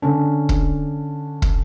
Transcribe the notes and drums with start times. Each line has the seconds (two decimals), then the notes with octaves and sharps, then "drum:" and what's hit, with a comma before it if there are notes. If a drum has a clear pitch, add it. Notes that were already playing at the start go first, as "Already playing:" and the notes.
0.02 D3 C#4 D4
0.49 drum: kick
1.42 drum: kick